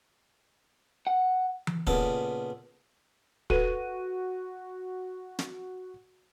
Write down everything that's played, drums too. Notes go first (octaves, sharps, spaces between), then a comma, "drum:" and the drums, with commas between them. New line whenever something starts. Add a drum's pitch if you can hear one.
F#5
drum: tom E3
A#2 C#3 B3 A4, drum: kick
F#4 A4 B4 D#7, drum: kick
drum: snare